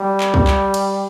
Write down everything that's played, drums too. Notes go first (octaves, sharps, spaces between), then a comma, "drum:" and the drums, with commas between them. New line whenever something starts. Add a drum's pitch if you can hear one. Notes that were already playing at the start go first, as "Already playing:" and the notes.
Already playing: G3
drum: clap
drum: kick B1
drum: clap
drum: cymbal